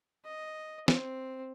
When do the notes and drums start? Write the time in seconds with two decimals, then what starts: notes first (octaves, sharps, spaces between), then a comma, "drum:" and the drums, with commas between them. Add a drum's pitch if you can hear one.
0.24 D#5
0.88 C4, drum: snare